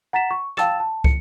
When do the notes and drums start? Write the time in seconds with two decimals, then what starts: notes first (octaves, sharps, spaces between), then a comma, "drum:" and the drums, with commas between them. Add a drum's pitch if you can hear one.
0.13 F#5 A#5 A6 B6 E7
0.31 C#6
0.57 F5 G5 A5 E6 A6 E7, drum: rim click
0.80 A5
1.04 C#7, drum: kick